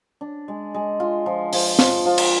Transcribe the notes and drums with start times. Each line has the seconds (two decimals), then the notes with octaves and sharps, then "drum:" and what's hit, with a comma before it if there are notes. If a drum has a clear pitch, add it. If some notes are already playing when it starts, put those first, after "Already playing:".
0.21 D4
0.48 G#3
0.74 G#3
1.00 F4
1.26 F3
1.53 F3, drum: open hi-hat
1.79 F3, drum: snare C4
2.05 F3
2.18 drum: cymbal